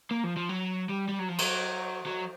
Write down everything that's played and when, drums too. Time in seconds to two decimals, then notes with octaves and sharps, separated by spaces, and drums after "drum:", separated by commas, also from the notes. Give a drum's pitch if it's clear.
0.11 A#3
0.24 F3
0.37 F3
0.49 F#3
0.89 G3
1.08 G3
1.19 F#3
1.29 F3
1.38 F#3, drum: cymbal
2.06 F#3